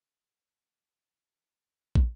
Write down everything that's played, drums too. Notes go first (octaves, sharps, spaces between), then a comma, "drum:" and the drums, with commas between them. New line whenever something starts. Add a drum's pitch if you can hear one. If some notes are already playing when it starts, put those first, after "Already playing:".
D#3 D#4 D5 D#5 A#5
G#2 A3 C4 D#4 G#4
G#1 D2 E3
drum: kick